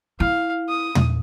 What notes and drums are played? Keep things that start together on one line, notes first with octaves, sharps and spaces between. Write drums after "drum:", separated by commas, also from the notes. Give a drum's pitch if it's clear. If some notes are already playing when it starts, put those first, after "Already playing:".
E4 F5
D#6
drum: tom